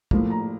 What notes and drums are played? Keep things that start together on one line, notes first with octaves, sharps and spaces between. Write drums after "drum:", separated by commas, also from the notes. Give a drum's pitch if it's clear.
A2 F3 A#3, drum: kick
A#5